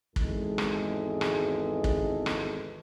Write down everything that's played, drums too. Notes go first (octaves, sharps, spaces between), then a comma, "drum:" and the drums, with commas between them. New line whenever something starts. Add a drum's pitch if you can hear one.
G#1 E2 E3 G#3 A4, drum: kick
drum: rim click
drum: rim click
drum: kick
drum: rim click